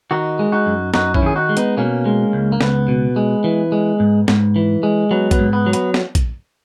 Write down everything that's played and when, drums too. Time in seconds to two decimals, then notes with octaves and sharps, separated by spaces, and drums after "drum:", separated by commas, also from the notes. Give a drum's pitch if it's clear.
0.11 D#3 D#4 F#4
0.39 G#3
0.52 D#4 F#4
0.66 F#2
0.94 F#2 D#4 F#4, drum: snare
1.14 C#4 E4, drum: kick A#1
1.22 D#3 G#4
1.35 D#4 F#4
1.49 G#3
1.57 B3 D#4, drum: hi-hat
1.77 B2 A#3 C#4
2.06 G#3
2.33 C#2
2.52 A#3
2.61 C#2 B3, drum: snare
2.88 B2
3.16 G#3
3.44 E3
3.72 G#3
4.00 G#2
4.28 G#2, drum: snare
4.56 E3
4.83 G#3
5.11 F#3 B3
5.31 B3, drum: kick A#1, hi-hat
5.39 G#2
5.53 B3
5.66 F#3
5.73 B3, drum: hi-hat
5.94 drum: snare
6.15 drum: kick A#1, hi-hat